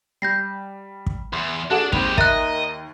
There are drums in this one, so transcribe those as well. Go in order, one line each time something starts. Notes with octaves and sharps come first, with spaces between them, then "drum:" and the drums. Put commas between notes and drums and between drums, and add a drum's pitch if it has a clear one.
G3 G6 A#6 C7
drum: kick
E2 C6
D4 F#4 G#4 A4 F#5
D#2 G#3 C4 G4 B5 F7, drum: kick
A#4 D#5 E5 F#6, drum: kick